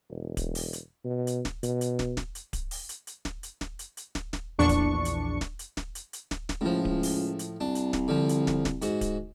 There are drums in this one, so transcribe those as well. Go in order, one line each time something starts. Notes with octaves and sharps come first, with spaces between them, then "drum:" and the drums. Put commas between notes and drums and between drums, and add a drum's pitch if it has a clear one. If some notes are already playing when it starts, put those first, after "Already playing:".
E1
drum: kick D1, hi-hat
drum: open hi-hat
drum: hi-hat
B2
drum: hi-hat
drum: snare
B2, drum: hi-hat
drum: hi-hat
drum: snare
drum: snare
drum: hi-hat
drum: kick D1, hi-hat
drum: open hi-hat
drum: hi-hat
drum: hi-hat
drum: snare
drum: hi-hat
drum: snare
drum: hi-hat
drum: hi-hat
drum: snare
drum: snare
A#1 E2 D4 C#6 C#7
drum: kick D1, hi-hat
drum: hi-hat
drum: snare
drum: hi-hat
drum: snare
drum: hi-hat
drum: hi-hat
drum: snare
drum: snare
C#2 A2 F3
drum: kick D1
drum: open hi-hat
drum: hi-hat
C2 D4
drum: hi-hat
drum: snare
D3 F3
drum: hi-hat
drum: snare
drum: snare
G#2 F#4, drum: hi-hat
drum: kick D1, hi-hat